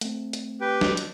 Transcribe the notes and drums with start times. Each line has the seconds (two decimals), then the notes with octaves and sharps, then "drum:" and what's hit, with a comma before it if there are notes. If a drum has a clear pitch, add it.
0.01 A3 C4, drum: hi-hat
0.33 drum: hi-hat
0.61 G4 B4 G5
0.81 drum: snare
0.97 drum: hi-hat